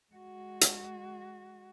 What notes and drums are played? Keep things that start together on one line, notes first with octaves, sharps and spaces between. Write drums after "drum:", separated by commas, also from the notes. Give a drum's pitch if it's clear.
G#3 F#4
drum: hi-hat